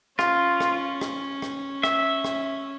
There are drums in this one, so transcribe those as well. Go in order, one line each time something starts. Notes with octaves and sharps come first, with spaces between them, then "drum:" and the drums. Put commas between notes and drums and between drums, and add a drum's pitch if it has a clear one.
C#4 F4, drum: rim click
drum: rim click
drum: rim click
drum: rim click
E5, drum: rim click
drum: rim click